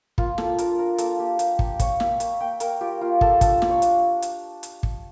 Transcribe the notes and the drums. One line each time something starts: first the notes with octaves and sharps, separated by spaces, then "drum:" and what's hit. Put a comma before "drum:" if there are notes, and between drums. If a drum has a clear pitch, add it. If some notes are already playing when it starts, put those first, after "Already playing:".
A#3 F4, drum: kick
A#3 A4, drum: snare
D4 A#4, drum: hi-hat
D4 A#4
A#3 A4, drum: hi-hat
A#3 G4
A#3 G4, drum: hi-hat
A#3, drum: kick
A#3 C#5, drum: kick, hi-hat
A#3 E5, drum: snare
A#3, drum: hi-hat
A#3 G5
A#3 A#4, drum: hi-hat
F4 G4
A#3 F4
A#3 A4, drum: kick
D4 A4, drum: kick, hi-hat
A#3, drum: snare
C#5
D4, drum: hi-hat
drum: hi-hat
drum: hi-hat
drum: kick